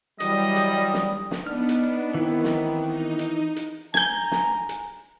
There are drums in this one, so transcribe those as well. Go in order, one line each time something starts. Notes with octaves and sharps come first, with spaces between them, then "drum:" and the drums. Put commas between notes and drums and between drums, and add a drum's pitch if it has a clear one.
E3 F#3 G3 D#5 D#6, drum: hi-hat
drum: hi-hat
drum: snare
drum: snare
B3 D4 D#4 F6
drum: hi-hat
D#3 E3 C4 E4
drum: snare
D#4
drum: hi-hat
drum: hi-hat
G#5 A#5 G6 G#6, drum: snare
drum: snare
drum: hi-hat